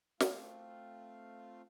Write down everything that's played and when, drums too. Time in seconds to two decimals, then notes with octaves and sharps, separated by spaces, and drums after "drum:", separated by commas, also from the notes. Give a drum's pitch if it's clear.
0.20 A3 C4 F4 F5, drum: snare